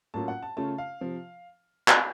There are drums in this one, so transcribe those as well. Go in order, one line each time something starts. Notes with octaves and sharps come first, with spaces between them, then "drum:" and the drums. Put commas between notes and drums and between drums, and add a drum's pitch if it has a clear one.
A2 F#3 A#3 C#4 F4 A5
F#5
A5
C#3 A3 C#4 F4 A5
F5
C3 F3
drum: clap